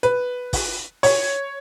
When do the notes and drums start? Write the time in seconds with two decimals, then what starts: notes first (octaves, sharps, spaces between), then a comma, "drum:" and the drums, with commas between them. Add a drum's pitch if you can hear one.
0.03 B4, drum: hi-hat
0.53 drum: kick, open hi-hat
1.03 C#5, drum: open hi-hat